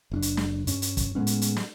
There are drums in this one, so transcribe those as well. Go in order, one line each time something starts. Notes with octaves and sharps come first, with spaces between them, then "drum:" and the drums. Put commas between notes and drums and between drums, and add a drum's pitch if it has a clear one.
F#1 C#4 D4
drum: hi-hat
drum: snare
G2 C#4, drum: hi-hat
drum: hi-hat
drum: kick, hi-hat
A2 G#3 B3 C#4
drum: hi-hat
drum: hi-hat
drum: snare